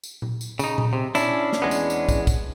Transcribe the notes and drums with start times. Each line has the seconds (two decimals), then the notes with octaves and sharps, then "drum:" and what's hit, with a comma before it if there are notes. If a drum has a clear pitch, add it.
0.04 drum: tambourine
0.22 drum: tom A#2
0.41 drum: tambourine
0.59 C#3 D#4, drum: tambourine
0.78 drum: tom A#2
0.93 C3
1.15 C#4 D4 E4, drum: tambourine
1.53 drum: snare
1.62 E2 G#3 B3
1.71 drum: tambourine
1.90 drum: tambourine
2.09 drum: kick, tambourine
2.27 drum: kick, tambourine